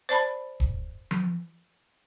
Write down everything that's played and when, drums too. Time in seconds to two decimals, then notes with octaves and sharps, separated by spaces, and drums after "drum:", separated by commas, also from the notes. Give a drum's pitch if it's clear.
0.09 C5 D5 A5 B5
0.60 drum: kick
1.11 drum: tom F3